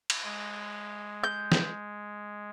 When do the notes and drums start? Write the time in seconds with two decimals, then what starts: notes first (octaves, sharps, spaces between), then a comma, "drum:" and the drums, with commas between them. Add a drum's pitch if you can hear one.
0.10 drum: cymbal
0.24 G#3
1.24 G6
1.52 drum: snare